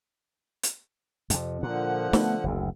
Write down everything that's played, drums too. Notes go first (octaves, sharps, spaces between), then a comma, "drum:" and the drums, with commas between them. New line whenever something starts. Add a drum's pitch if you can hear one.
drum: hi-hat
F2 C3, drum: hi-hat
A#2 D3 F3 F#5
A3 B3, drum: snare
F#1 D2